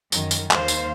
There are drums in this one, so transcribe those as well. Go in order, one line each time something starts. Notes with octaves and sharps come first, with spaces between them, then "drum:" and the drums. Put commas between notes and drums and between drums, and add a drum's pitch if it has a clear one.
F#2 D#3, drum: tambourine
drum: tambourine
D#2 C5 F5, drum: clap
drum: tambourine